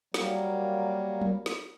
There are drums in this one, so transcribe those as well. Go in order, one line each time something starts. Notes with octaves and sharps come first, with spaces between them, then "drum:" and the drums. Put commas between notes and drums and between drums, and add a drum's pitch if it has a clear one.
F#3 G3 A#3, drum: snare
drum: tom F#3
drum: snare